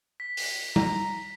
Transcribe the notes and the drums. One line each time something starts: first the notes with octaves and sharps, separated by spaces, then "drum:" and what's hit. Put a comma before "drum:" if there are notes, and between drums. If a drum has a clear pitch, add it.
B6
drum: open hi-hat
A#5, drum: tom G3